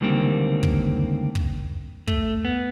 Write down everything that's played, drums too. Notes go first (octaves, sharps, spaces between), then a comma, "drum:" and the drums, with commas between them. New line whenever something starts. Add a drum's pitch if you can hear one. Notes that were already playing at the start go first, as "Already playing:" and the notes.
C#2 D3 D#3 G3 A#3 C4
drum: kick
drum: kick
A3, drum: kick
B3